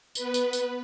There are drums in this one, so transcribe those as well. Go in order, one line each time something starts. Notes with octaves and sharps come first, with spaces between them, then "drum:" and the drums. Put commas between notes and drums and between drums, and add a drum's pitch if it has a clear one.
B3 B4, drum: tambourine
drum: tambourine
drum: tambourine